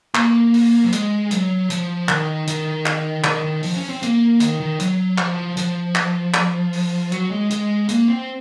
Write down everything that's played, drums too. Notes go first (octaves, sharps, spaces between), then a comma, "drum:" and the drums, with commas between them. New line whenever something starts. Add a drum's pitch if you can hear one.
A#3, drum: clap
drum: open hi-hat
F#3
G#3, drum: hi-hat
F#3, drum: hi-hat
F3, drum: hi-hat
D#3, drum: clap
D#3, drum: hi-hat
drum: clap
D#3, drum: clap
D#3
F3, drum: open hi-hat
C#4
C4
A#3, drum: hi-hat
D#3, drum: hi-hat
D#3
F#3, drum: hi-hat
F3, drum: clap
F3, drum: hi-hat
drum: clap
drum: clap
drum: open hi-hat
F#3, drum: hi-hat
G#3
G#3, drum: hi-hat
A#3, drum: hi-hat
C4